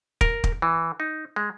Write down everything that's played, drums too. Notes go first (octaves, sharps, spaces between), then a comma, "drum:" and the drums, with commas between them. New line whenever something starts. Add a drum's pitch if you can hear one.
A#4, drum: kick
drum: kick
E3
D#4
G#3